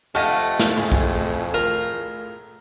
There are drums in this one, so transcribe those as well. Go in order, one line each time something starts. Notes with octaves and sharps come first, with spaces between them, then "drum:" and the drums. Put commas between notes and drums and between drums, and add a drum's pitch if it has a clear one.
F2 A3 G4 D#5 F5 F#5 G#5 F6
drum: snare
A2 G#4
drum: kick
F4 A#4 A#5